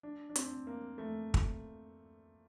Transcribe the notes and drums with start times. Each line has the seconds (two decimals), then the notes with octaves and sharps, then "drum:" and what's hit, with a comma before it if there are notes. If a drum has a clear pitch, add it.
0.03 D4
0.30 D4
0.36 C4, drum: hi-hat
0.67 A#3
0.98 A3
1.34 drum: kick